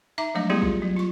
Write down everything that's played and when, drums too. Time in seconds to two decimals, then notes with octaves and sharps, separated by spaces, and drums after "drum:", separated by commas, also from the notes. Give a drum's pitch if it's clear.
0.18 D#4 E5 A#5 D6
0.35 F3 F#3 G#3 A3 D4 D#5
0.50 G3 A3 B3 E4 G4 G#4
0.62 F4, drum: kick
0.82 F#3
0.97 F4 C#6